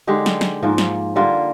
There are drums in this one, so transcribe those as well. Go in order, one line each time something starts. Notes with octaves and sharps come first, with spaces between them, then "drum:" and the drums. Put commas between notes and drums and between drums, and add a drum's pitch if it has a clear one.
D3 G#3 D#4 G4
drum: snare
drum: snare
G#2 F3 A#3
drum: snare
D3 G3 A#3 F4